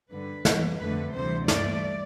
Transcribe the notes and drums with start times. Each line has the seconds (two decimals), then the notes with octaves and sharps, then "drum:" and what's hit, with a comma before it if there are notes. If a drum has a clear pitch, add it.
0.11 G2 D3 G3 B4
0.45 F2 E3 G3, drum: snare
0.79 F2 D3 A3 B4
1.14 D2 C3 E3 G3 C5
1.48 G2 E3 A3 D5, drum: snare